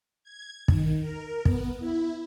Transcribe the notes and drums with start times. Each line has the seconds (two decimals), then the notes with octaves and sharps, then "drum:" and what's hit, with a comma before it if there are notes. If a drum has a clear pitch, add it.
0.24 G#6
0.68 D#3, drum: kick
1.00 A#4
1.45 B3, drum: kick
1.80 E4